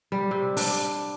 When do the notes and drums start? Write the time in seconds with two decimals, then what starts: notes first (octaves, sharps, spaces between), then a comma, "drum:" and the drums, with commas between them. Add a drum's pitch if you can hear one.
0.12 G3
0.31 C3
0.57 D4, drum: open hi-hat